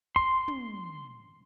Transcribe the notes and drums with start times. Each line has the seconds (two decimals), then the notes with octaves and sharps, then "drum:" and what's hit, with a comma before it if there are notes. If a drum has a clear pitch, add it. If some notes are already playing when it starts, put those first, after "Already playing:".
0.16 C6, drum: kick
0.48 drum: tom